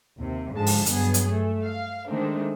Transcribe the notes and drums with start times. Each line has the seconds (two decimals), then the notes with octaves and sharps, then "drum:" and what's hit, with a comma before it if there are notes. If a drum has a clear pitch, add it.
0.19 D#2 C3
0.54 G#2 D3 F3 G#3 A5
0.66 drum: open hi-hat
0.86 G2 F#3 B3 G#4, drum: hi-hat
1.14 drum: hi-hat
1.29 A3
1.63 F5
2.09 D#3 G#3 A3 C4 D4